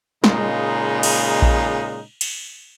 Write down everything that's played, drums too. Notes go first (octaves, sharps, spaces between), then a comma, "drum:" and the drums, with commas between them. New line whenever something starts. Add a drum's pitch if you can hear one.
A#2 C#3 G#3 D#4, drum: snare
drum: cymbal
drum: kick A#1
drum: cymbal